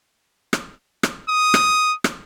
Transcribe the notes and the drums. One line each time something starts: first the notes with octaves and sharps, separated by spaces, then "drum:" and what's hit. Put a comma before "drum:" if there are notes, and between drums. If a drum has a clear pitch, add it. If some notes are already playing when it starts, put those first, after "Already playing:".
drum: rim click
drum: rim click
D#6
drum: rim click
drum: rim click